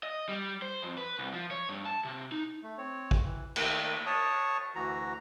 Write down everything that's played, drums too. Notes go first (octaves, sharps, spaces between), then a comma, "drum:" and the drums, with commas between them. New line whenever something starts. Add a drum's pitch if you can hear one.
D#5
G3
C5
F2
B4
C2
F3
C#5
G2
A5
C3
D#4
A3
C4 C#5
drum: kick A1
E3
D#3 A3 A#3, drum: cymbal
C#5 A5 C#6 D#6
D2 E3 F#4 A#5